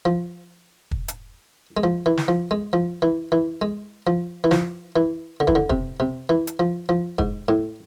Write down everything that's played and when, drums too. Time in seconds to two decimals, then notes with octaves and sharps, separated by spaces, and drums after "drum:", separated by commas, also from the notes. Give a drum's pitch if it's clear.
0.05 F3
0.91 drum: kick
1.08 drum: hi-hat
1.77 G#3
1.84 F3
2.06 E3
2.17 drum: snare
2.28 F3
2.51 G#3
2.73 F3
3.02 E3
3.32 E3
3.62 G#3
4.07 F3
4.44 E3
4.51 F3, drum: snare
4.96 E3
5.40 D3
5.47 E3, drum: kick
5.55 D3
5.70 C3, drum: kick
6.00 C3
6.29 E3
6.47 drum: hi-hat
6.59 F3
6.89 F3
7.19 G#2, drum: kick
7.48 A2